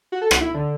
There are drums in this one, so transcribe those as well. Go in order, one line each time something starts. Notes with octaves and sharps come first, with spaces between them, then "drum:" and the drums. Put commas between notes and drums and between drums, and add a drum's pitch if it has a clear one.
F#4
A4
F#4, drum: rim click
E4
D3